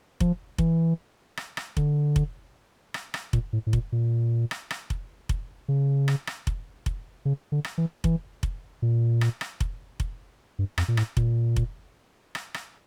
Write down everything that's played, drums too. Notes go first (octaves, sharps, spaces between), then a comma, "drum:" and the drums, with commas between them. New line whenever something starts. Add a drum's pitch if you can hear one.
F3, drum: kick F1
E3, drum: kick F1
drum: rim click
drum: rim click
D3, drum: kick F1
drum: kick F1
drum: rim click
drum: rim click
A#2, drum: kick F1
A2
A2
A#2, drum: kick F1
A#2
drum: rim click
drum: rim click
drum: kick F1
drum: kick F1
C#3
drum: rim click
drum: rim click
drum: kick F1
drum: kick F1
C#3
D3
drum: rim click
E3
E3, drum: kick F1
drum: kick F1
A#2
drum: rim click
drum: rim click
drum: kick F1
drum: kick F1
G2
F2, drum: rim click
A#2
A2, drum: rim click
A#2, drum: kick F1
drum: kick F1
drum: rim click
drum: rim click